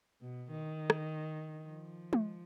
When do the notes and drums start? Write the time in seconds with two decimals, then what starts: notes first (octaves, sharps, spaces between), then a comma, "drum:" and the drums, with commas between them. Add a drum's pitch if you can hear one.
0.21 B2
0.50 D#3
0.90 drum: rim click
1.64 F3
2.13 drum: tom G#3